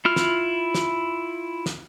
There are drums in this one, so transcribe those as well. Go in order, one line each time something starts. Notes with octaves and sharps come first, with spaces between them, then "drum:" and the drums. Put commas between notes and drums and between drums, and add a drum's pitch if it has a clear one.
E4 F4 F6
drum: snare
drum: snare
drum: snare